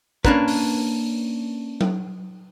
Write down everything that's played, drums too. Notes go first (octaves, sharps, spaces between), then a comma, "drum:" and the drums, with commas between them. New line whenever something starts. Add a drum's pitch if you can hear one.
A#3 C#4 D4 A#4 B4, drum: kick
drum: open hi-hat
drum: tom F#3